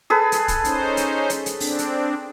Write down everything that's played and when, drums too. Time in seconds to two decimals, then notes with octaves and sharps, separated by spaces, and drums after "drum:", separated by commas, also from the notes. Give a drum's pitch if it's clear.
0.10 G#4 A4 B4
0.32 drum: hi-hat
0.48 drum: kick, hi-hat
0.64 C#4 D#4 C5, drum: hi-hat
0.97 drum: hi-hat
1.30 drum: hi-hat
1.46 drum: hi-hat
1.60 C4 D4, drum: open hi-hat
1.78 drum: hi-hat